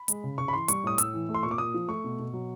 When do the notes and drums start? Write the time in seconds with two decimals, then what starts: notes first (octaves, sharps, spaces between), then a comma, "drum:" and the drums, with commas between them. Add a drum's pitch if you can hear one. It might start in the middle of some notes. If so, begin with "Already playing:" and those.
Already playing: B5
0.08 G#3, drum: hi-hat
0.24 C#3
0.38 C#3 C#6
0.48 B5
0.53 E3 C6
0.68 G3 C#6, drum: hi-hat
0.84 A2 D#6
0.98 A2 E6, drum: hi-hat
1.14 E3
1.29 A3
1.34 C6
1.43 A#2 C#6
1.51 D6
1.58 A#2 D#6
1.74 F3
1.88 A3 C#6
2.04 B2
2.19 B2
2.33 F#3